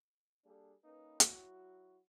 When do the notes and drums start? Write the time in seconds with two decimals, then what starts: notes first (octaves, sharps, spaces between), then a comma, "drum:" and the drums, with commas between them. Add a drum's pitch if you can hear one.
0.45 G3 A#3 D4 G#4 A4
0.84 A#3 C#4 D#4 B4
1.20 F#3 E4 F#4, drum: hi-hat